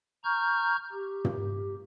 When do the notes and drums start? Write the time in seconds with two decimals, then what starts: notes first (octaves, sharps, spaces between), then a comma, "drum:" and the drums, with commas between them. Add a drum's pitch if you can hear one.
0.24 A#5 C#6 F6 G6
0.92 G4
1.25 drum: tom